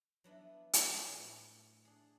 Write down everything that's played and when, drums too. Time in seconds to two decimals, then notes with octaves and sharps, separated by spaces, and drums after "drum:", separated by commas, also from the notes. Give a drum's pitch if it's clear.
0.24 F#3 B3 D4 E4
0.73 D4 B4, drum: hi-hat
1.07 A2
1.85 D4 G#4